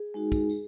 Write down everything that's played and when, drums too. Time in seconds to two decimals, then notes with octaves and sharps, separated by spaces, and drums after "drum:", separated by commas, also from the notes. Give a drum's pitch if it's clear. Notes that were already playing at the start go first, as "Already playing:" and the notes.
Already playing: G#4
0.14 G#3 D#4 F#4
0.32 drum: kick, tambourine
0.49 drum: tambourine